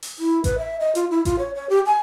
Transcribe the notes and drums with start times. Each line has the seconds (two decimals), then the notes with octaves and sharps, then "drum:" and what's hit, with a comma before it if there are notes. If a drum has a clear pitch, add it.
0.03 drum: open hi-hat
0.19 E4
0.44 B4, drum: kick A1, hi-hat
0.58 E5
0.80 D#5
0.95 F4, drum: hi-hat
1.11 E4
1.25 F4, drum: kick A1, hi-hat
1.39 C#5
1.55 C#5
1.70 G4
1.86 G#5